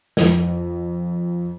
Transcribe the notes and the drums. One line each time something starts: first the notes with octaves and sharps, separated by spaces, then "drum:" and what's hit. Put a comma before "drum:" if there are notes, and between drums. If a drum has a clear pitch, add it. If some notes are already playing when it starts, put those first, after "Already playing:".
F2, drum: snare